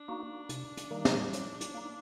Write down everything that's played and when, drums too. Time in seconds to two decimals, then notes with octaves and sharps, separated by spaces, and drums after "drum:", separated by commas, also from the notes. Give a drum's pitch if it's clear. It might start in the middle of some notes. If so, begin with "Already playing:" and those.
Already playing: D4
0.08 A#3 D#4 F#4
0.49 C3, drum: hi-hat
0.77 drum: hi-hat
0.91 D#3 G3 A#3 D#4
1.05 drum: snare
1.33 F#3, drum: hi-hat
1.61 drum: hi-hat
1.74 A#3 D#4